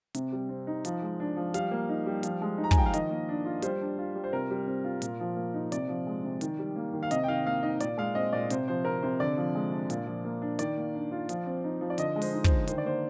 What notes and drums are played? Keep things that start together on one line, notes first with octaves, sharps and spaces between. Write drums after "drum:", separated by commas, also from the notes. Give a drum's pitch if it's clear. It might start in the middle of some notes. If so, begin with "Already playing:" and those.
C3, drum: hi-hat
G3
C4
D#4
F3, drum: hi-hat
G#3
D4
F3
G3 F5, drum: hi-hat
A#3
D#4
G3
F3, drum: hi-hat
G#3
D#4
A#5
G#5, drum: kick, hi-hat
F3 G5
F5
D#3 D#5, drum: hi-hat
A#3
D4
F4
G3 C5, drum: hi-hat
D4
F4
G3
C5
C3 A#4
G3
C4
F4
A#2, drum: hi-hat
F3
A#3
D#4
C3 D5, drum: hi-hat
F3
G#3
C3
D#3, drum: hi-hat
G3
A#3
D#3
F5
C3 D#5, drum: hi-hat
G5
D#3 F5
A#3 F5
D#4 D#5
A#2 D5, drum: hi-hat
G#3 F5
C4 D#5
A#2 D5
C3 C5, drum: hi-hat
F3 C5
C4 A#4
C3 C5
D3 D5
F3
G#3
D4
A#2, drum: hi-hat
F3
A#3
D4
D#3 D5, drum: hi-hat
A#3
D4
F4
F3, drum: hi-hat
C4
D#4
F3
D5
D3 D#5, drum: hi-hat
G#3
C5, drum: open hi-hat
D#4
C5, drum: kick, hi-hat
D3
D#3 C5, drum: hi-hat
D5
A#3 C5